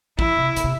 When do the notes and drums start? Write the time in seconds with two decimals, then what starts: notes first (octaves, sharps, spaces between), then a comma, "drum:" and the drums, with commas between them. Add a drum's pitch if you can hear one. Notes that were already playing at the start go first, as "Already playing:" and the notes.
0.19 E3 E4, drum: kick
0.37 C3
0.56 A#2, drum: hi-hat
0.64 C3